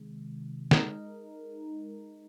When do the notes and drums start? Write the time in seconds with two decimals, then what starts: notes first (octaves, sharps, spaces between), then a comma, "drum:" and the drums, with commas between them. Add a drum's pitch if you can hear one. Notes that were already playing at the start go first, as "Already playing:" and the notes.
Already playing: C3 D#3 G#3
0.71 G#3 D#4 A#4, drum: snare